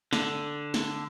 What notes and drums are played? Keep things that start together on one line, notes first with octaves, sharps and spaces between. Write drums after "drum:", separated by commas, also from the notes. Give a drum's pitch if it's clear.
D3, drum: snare
drum: snare